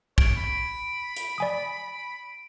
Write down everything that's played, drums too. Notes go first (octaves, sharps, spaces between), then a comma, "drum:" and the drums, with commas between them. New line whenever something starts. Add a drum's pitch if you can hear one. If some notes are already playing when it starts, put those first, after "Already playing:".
C#5 D7, drum: kick
B5
drum: hi-hat
D5 G#5 D#6